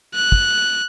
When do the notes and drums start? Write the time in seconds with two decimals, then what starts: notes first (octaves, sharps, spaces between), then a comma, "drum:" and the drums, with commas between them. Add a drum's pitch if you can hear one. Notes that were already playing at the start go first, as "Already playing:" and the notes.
0.14 F#6
0.32 drum: kick